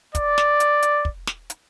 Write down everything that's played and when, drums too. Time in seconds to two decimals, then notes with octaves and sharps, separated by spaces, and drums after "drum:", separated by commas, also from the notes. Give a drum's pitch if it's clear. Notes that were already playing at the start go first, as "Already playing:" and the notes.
0.15 D5, drum: kick, hi-hat
0.38 drum: snare
0.60 drum: hi-hat
0.82 drum: hi-hat
1.05 drum: kick
1.27 drum: snare
1.50 drum: hi-hat